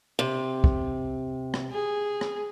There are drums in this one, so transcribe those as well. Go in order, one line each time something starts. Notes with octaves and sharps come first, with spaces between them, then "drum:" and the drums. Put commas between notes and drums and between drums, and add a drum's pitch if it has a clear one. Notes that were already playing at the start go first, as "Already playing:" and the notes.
C3
drum: kick
drum: rim click
G#4
drum: rim click